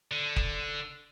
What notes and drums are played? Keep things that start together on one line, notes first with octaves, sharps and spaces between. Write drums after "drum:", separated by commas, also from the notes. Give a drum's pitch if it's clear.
D3
drum: kick F#1